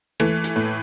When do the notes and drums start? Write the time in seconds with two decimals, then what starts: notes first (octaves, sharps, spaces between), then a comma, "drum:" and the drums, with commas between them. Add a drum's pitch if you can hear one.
0.20 E3 A3, drum: rim click
0.44 drum: hi-hat
0.56 A2